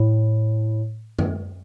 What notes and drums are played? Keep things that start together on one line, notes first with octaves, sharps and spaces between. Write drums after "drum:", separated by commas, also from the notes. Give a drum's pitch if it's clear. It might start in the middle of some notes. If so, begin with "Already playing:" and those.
Already playing: A2
drum: tom F#2